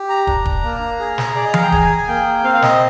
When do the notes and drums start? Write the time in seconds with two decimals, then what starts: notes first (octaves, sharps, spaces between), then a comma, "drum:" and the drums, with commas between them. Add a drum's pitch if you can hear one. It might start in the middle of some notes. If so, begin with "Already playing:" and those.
Already playing: G4
0.09 A#5
0.27 D4, drum: kick
0.46 drum: kick
0.64 A#3
1.00 G#4
1.18 drum: snare
1.35 G#4 D5
1.44 D#5
1.54 F5, drum: tom E3
1.63 G5
1.72 G#4 G#5, drum: kick
1.98 G#5
2.08 A#3 G5
2.44 C4 F5
2.54 F5
2.62 D#5, drum: snare